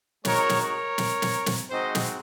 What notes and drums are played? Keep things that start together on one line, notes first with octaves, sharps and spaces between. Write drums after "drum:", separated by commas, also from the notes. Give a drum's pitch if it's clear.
G#3 D#4 F#4 A#4 C#5, drum: snare
drum: snare
A#4 C#5
drum: snare
drum: snare
drum: snare
G#3 C4 D#4 F#4 C5 D#5
drum: snare